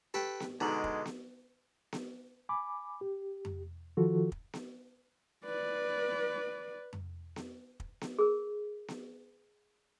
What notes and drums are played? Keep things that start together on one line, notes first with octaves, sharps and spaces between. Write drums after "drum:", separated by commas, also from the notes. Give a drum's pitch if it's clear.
G4 A4 B4 G5
drum: snare B3
B2 D3 G#3 D#4 A#5 F#7
drum: kick
drum: snare B3
drum: snare B3
G#5 B5 D6
G4
drum: tom F2
D#3 F3 F4 F#4 A4
drum: kick
drum: snare B3
B4 D5
drum: tom F2
drum: snare B3
drum: kick
drum: snare B3
G#4 A#4
drum: snare B3